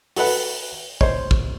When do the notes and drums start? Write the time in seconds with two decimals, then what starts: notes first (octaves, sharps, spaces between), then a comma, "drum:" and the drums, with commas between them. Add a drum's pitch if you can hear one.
0.16 F#4 A4 B4 F#5, drum: open hi-hat
1.01 C5 C#5, drum: kick
1.31 drum: kick